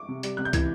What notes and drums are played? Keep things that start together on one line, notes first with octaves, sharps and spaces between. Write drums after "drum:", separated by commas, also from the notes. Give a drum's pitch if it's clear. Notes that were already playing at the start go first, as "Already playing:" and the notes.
Already playing: C#6 D6
C3
G3, drum: hi-hat
C3 F#6
G6
E3 G#6, drum: kick, hi-hat